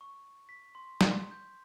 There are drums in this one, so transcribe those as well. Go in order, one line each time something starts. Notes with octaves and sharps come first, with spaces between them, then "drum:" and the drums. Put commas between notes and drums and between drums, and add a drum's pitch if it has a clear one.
C#6
B6
C6
C6, drum: snare
G6